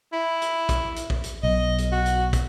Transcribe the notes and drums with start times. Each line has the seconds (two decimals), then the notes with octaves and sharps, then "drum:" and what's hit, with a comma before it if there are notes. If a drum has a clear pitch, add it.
0.13 E4
0.42 drum: hi-hat
0.69 drum: kick, hi-hat
0.96 drum: hi-hat
1.10 drum: kick
1.24 drum: hi-hat
1.43 B1 D#5
1.78 drum: hi-hat
1.92 F#4
2.06 drum: hi-hat
2.33 drum: kick, hi-hat